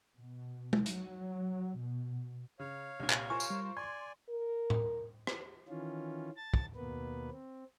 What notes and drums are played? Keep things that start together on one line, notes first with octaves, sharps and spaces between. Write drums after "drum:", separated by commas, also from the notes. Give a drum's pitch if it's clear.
B2
drum: tom G#3
F#3, drum: hi-hat
B2
C#3 C#5 F5
C2 A#2
drum: clap
F4 A#4 C5 G#5 C#6
drum: tambourine
G3
D5 G#5 C6 G#6
A#4
drum: tom A2
drum: rim click
D#3 E3 C#4 F4
A5 A6
drum: kick
D#2 B2 A#3 B3 B4
C4